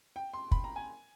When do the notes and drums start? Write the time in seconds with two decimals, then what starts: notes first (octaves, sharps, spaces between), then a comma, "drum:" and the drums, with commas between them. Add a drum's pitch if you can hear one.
0.16 G5
0.33 C6
0.51 B5, drum: kick
0.64 A#5
0.76 G#5